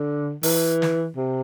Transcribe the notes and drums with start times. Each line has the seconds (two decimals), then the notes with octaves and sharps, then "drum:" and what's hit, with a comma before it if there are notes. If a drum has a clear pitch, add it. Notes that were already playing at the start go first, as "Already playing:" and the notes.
Already playing: D3
0.43 E3, drum: open hi-hat
0.82 drum: snare
1.16 C3